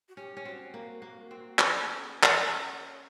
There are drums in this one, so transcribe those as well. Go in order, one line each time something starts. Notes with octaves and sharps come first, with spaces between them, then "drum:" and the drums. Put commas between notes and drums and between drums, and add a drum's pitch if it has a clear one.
F#4
C#4 G4
C#4
C4 F#4
A#3
A#3
C4
C#4 G#4, drum: clap
G#4
A4
G#4
G4, drum: clap
G#4
A4
G#4
C#5